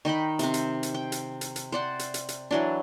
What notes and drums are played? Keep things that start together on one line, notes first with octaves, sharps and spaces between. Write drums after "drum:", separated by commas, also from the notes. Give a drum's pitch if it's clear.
D#3 D#4 G5 B5
C3 C4, drum: hi-hat
drum: hi-hat
drum: hi-hat
G5
drum: hi-hat
drum: hi-hat
drum: hi-hat
C5 D5 F#5
drum: hi-hat
drum: hi-hat
drum: hi-hat
E3 F#3 D4